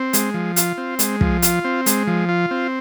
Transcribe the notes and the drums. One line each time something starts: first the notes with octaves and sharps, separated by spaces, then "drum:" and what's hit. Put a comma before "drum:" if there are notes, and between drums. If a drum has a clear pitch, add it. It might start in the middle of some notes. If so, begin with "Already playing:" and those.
Already playing: C4
G#3, drum: hi-hat
F3
F4, drum: hi-hat
C4
G#3, drum: hi-hat
F3, drum: kick
F4, drum: hi-hat
C4
G#3, drum: hi-hat
F3
F4
C4